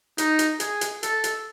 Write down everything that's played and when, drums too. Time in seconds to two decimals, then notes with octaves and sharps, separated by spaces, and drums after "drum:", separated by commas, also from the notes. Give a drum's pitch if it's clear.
0.18 D#4, drum: hi-hat
0.39 drum: hi-hat
0.60 G#4, drum: hi-hat
0.81 drum: hi-hat
1.03 A4, drum: hi-hat
1.24 drum: hi-hat